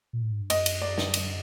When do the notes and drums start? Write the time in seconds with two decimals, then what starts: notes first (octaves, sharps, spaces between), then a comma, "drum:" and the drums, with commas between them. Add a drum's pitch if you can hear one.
0.13 A#2
0.22 A2
0.32 G#2
0.41 G2
0.50 F#2 D#5, drum: cymbal
0.66 drum: cymbal
0.82 D5
0.98 drum: snare
1.14 drum: cymbal